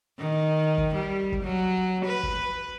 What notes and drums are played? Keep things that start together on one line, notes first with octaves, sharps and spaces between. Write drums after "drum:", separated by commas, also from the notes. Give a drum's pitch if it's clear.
D#3
drum: kick
G3
drum: kick
F#3
B4
drum: kick